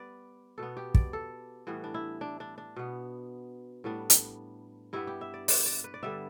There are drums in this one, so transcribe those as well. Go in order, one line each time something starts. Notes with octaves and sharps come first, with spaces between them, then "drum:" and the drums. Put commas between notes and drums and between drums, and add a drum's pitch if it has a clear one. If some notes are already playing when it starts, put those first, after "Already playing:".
Already playing: G3 B3 B4 D5
B2 B3 A4
G4
D5, drum: kick
A4
A2 E3 G3 B3
D4
E4
D4
D4
D4
B2 B3
A2 G3 B3 D4
drum: hi-hat
G2 G3 B3 E4
G4
E5
D5
D5, drum: open hi-hat
D5
B4
D5
D3 G3 B3 E5